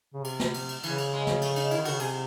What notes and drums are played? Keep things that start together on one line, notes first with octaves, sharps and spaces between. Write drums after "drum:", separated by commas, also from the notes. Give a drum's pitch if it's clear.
C#3
C3, drum: cymbal
drum: snare
drum: cymbal
drum: cymbal
C#3 E3, drum: cymbal
drum: cymbal
G#3
drum: snare
A3, drum: cymbal
D#4, drum: cymbal
E4, drum: cymbal
D#3
F#4, drum: cymbal
C#3
C3 G#4, drum: cymbal